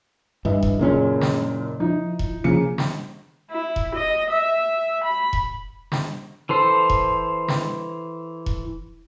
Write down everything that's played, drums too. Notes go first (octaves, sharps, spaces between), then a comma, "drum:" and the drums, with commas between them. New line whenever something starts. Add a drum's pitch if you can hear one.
G2 E3 B4 D#5 E5
drum: kick E1
F#1 A#2 C#3 A#3 C#4 G#4 A#4 C6
drum: snare
F3 D#4 E4
drum: kick E1
C#3 F3 A#3 C#7
drum: snare
E4
drum: kick E1
D#5
E5
B5
drum: kick E1
drum: snare
E3 A4 C5
drum: kick E1
drum: snare
drum: kick E1